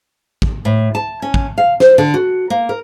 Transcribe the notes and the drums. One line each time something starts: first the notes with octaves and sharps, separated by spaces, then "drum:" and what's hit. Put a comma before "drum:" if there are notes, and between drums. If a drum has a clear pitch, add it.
drum: kick
A2
A5
C#4
drum: kick
F5
C5, drum: snare
D3
F#4
A#3
A#4